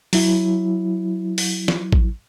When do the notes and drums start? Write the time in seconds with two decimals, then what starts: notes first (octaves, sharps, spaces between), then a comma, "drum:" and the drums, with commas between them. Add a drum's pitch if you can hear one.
0.13 F#3 E4, drum: open hi-hat
1.38 drum: open hi-hat
1.68 drum: snare
1.93 drum: kick A1